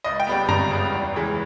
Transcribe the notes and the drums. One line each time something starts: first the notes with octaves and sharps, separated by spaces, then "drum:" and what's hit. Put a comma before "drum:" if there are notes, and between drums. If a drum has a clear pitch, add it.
C#2 D#5
G5
C#3 G3 B3
C#2 A#5, drum: tom F#2
C#3 G3 B3
E2
C#3 E3 G#3